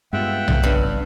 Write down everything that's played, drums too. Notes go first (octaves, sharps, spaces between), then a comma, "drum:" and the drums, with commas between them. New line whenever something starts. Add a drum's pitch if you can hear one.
G2 G#3 B3 F4 E5 F#5 G5
drum: tom B1
G1 G2 C#3 C#4